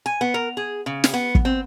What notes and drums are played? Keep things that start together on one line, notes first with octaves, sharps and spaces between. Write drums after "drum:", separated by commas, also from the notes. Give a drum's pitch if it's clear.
G#5
B3
A#4
G#4
C#3
drum: snare
B3
drum: kick
C4